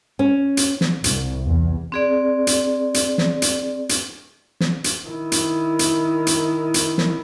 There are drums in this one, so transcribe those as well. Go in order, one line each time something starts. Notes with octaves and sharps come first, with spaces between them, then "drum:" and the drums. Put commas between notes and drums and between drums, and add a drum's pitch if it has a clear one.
C#4
drum: hi-hat
drum: snare
C2, drum: hi-hat
E2
C4 G#4 D5
drum: hi-hat
drum: hi-hat
drum: snare
drum: hi-hat
drum: hi-hat
drum: snare
drum: hi-hat
D#3 E4
drum: hi-hat
drum: hi-hat
drum: hi-hat
drum: hi-hat
drum: snare